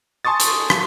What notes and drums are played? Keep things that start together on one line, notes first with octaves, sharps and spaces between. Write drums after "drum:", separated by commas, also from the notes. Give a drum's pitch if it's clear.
G#5 A5 C6 C#6 D#6 A6
drum: hi-hat
drum: rim click